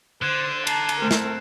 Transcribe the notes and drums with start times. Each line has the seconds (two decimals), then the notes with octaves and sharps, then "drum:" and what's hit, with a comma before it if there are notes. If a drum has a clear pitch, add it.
0.22 D3 C5 F#6 G#6 E7
0.67 A5 A#5 C7, drum: cymbal
0.89 drum: cymbal
1.01 A3 C4 A#4
1.11 drum: snare